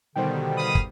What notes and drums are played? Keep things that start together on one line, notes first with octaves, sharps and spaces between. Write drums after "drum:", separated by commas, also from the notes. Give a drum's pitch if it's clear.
B2 D3 D#3 G3 C5 G5
F5 B5 D#6
drum: kick